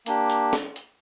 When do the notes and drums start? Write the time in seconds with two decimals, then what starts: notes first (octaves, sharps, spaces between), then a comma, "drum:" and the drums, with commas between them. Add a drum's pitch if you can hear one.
0.06 A#3 D4 G4, drum: hi-hat
0.30 drum: hi-hat
0.53 drum: snare
0.76 drum: hi-hat